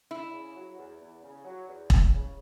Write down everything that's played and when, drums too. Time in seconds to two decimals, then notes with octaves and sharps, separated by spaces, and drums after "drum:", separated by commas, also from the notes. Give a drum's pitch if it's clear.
0.11 E2 E4
0.33 C#3
0.56 F#3
0.78 E2
1.00 E2
1.23 C#3
1.45 F#3
1.67 E2
1.90 E2, drum: kick E1
2.12 C#3